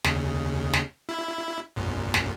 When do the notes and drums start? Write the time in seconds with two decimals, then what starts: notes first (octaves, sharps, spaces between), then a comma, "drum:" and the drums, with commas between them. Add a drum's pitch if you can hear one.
0.05 D#2 C#3, drum: snare
0.74 drum: snare
1.09 E4
1.76 A#1 F#2 A#2
2.14 drum: snare